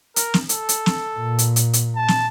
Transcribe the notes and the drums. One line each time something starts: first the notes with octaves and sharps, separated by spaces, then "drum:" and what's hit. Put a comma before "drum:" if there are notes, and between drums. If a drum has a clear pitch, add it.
A#4, drum: hi-hat
drum: snare
A4, drum: hi-hat
drum: hi-hat
drum: snare
A#2
drum: hi-hat
drum: hi-hat
drum: hi-hat
A5
drum: snare